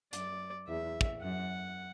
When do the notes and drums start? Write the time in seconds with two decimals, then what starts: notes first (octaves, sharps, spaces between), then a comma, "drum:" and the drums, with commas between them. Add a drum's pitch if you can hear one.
0.13 F#2 D5, drum: hi-hat
0.68 E2 E5
1.01 drum: kick
1.23 F#2 F#5